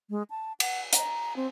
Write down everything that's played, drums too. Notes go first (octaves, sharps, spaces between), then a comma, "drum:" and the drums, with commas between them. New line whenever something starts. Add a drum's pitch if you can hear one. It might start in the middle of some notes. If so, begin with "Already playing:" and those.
G#3
A5
F#5, drum: cymbal
A#5, drum: hi-hat
C4